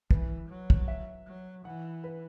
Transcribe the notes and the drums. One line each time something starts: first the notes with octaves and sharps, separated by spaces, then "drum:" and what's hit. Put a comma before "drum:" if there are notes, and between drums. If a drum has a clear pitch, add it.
E3 B4, drum: kick
F#3
drum: kick
E5
F#3
E3 F#5
B4